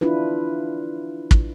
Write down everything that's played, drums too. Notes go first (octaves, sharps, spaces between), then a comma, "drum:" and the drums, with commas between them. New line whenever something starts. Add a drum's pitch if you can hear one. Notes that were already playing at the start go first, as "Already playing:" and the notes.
D4 E4 F4 B4
drum: kick